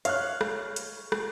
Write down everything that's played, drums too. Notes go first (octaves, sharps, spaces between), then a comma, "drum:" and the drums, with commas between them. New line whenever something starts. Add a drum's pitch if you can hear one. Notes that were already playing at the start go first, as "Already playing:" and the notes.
C#5 F5 F6 F#6, drum: hi-hat
drum: rim click
drum: hi-hat
drum: rim click